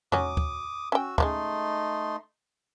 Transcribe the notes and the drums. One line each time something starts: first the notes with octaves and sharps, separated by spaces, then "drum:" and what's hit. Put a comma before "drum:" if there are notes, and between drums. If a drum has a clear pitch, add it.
F#3 C#4 D6 D#6, drum: tom E2
drum: kick D2
C#4 F#4 G5 E6
C#3 F#3 G#3 A3 D#4 C6, drum: kick D2